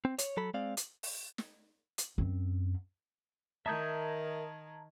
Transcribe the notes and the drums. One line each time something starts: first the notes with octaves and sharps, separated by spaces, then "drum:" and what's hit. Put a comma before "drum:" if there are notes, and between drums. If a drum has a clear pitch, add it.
C4
C#5, drum: hi-hat
F#3 A4 B5
G#3 C4 D5 F5
drum: hi-hat
drum: open hi-hat
drum: snare
drum: hi-hat
F#2 C4
D#3 A#4 E5 A5 A#5 D#6 G6 G#6